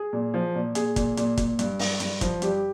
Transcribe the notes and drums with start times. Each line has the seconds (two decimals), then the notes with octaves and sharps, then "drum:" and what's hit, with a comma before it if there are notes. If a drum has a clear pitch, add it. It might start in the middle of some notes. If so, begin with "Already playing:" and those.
Already playing: G#4
0.13 A#2
0.34 F3
0.55 A#2
0.75 A#2 G#4, drum: hi-hat
0.96 A#2, drum: kick, hi-hat
1.17 A#2, drum: hi-hat
1.37 A#2, drum: kick, hi-hat
1.59 G2, drum: hi-hat
1.79 G2, drum: open hi-hat
2.00 G2, drum: hi-hat
2.21 F3, drum: kick, hi-hat
2.42 G2 G4, drum: hi-hat